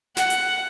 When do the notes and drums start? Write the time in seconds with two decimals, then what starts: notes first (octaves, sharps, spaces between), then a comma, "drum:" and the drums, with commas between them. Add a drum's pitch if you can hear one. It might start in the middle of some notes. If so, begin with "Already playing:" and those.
0.17 F#5, drum: snare
0.30 drum: hi-hat